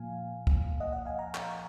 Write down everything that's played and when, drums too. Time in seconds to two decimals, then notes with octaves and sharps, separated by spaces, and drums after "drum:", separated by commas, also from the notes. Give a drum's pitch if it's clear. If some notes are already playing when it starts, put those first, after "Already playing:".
Already playing: A#2 F3 A#3 F5 G#5
0.47 drum: kick
0.80 D#5 F#5
0.92 D#5 F#5
1.05 F5 G#5
1.18 F#5 A#5
1.35 drum: clap